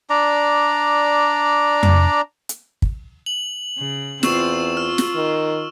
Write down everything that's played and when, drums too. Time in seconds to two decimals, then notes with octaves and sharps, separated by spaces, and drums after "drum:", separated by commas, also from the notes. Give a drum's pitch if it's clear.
0.10 D4 D5 A#5
1.83 drum: tom F2
2.49 drum: hi-hat
2.82 drum: kick
3.26 F#7
3.78 C#3
4.23 E2 C4 F4 C#6 E6 E7, drum: snare
4.77 F4 F6
4.98 drum: snare
5.16 D#3